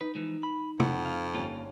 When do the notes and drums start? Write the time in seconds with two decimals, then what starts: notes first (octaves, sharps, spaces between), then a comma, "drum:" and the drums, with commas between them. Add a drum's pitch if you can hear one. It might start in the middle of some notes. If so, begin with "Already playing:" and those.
0.01 D#4 B4
0.15 E3 F3 G#3
0.43 B5
0.80 F2 F#5, drum: tom C3
1.05 F5
1.34 G1 A#3 C#4 F4 G4 A5